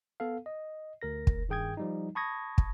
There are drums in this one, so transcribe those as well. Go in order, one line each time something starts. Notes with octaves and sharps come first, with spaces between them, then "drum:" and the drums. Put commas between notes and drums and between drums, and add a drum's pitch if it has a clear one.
B3 A4 F5
D#5
D2 A#4 A#6
drum: kick
G2 D#3 G#4 G5 D#6 G#6
F3 G3 D#4
A5 B5 C#6 D#6 G#6 A#6
drum: kick